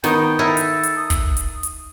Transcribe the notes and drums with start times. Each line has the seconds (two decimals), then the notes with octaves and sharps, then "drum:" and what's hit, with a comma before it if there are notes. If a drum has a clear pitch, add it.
0.04 D#3 B3 D#4 G5, drum: snare
0.39 D#4 E4 A4 A#4
0.57 drum: hi-hat
0.83 drum: hi-hat
0.97 D#6
1.10 drum: kick, hi-hat
1.37 drum: hi-hat
1.63 drum: hi-hat